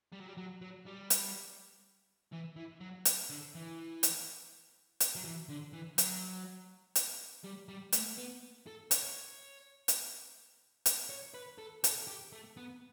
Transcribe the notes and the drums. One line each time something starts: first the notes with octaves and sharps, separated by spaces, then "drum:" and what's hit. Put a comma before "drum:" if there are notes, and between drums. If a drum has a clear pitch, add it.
G3
F#3
G3
F#3
F#3
G3
drum: hi-hat
E3
E3
F#3
drum: hi-hat
D3
E3
drum: hi-hat
drum: hi-hat
F#3
E3
D3
E3
F#3, drum: hi-hat
drum: hi-hat
G3
G3
A3, drum: hi-hat
B3
A4
C#5, drum: hi-hat
drum: hi-hat
drum: hi-hat
C#5
B4
A4
A4, drum: hi-hat
G4
A3
B3